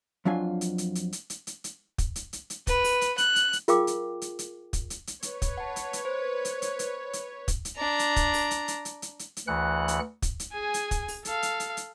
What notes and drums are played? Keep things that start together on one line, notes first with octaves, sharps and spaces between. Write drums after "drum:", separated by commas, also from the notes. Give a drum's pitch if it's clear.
F2 F#3 D4 F4 G#5
drum: hi-hat
drum: hi-hat
drum: hi-hat
drum: hi-hat
drum: hi-hat
drum: hi-hat
drum: hi-hat
drum: kick, hi-hat
drum: hi-hat
drum: hi-hat
drum: hi-hat
B4, drum: kick, hi-hat
drum: open hi-hat
drum: hi-hat
F#6, drum: hi-hat
drum: hi-hat
drum: hi-hat
F4 G#4 A#4 F5 G5 D6, drum: hi-hat
drum: hi-hat
drum: hi-hat
drum: hi-hat
drum: kick, hi-hat
drum: hi-hat
drum: hi-hat
B4 C#5, drum: hi-hat
drum: kick, hi-hat
F#5 A5
drum: hi-hat
drum: hi-hat
C5
drum: hi-hat
drum: hi-hat
drum: hi-hat
drum: hi-hat
drum: kick, hi-hat
drum: hi-hat
D4 A#5
drum: hi-hat
drum: kick, hi-hat
drum: open hi-hat
drum: hi-hat
drum: hi-hat
drum: hi-hat
drum: hi-hat
drum: hi-hat
drum: hi-hat
D2 E3 F#5 F#6
drum: hi-hat
drum: kick, hi-hat
drum: hi-hat
G#4 G#5
drum: hi-hat
drum: kick, hi-hat
drum: open hi-hat
A4 F5, drum: hi-hat
drum: hi-hat
drum: hi-hat
drum: hi-hat